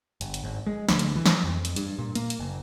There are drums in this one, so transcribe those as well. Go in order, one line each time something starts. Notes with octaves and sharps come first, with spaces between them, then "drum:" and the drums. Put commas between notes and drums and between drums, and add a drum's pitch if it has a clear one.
G1, drum: hi-hat
drum: hi-hat
G#1
G#3
D2, drum: snare
drum: hi-hat
E3
drum: snare
F2
drum: hi-hat
G2, drum: hi-hat
A#2
A#3, drum: hi-hat
drum: hi-hat
F#1